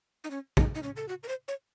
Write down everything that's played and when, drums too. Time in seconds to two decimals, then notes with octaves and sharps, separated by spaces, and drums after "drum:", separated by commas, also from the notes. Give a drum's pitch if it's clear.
0.24 D#4
0.31 C#4
0.57 D#4, drum: kick
0.75 D#4
0.83 C#4
0.96 A4
1.09 F#4
1.23 A#4
1.28 C5
1.48 C#5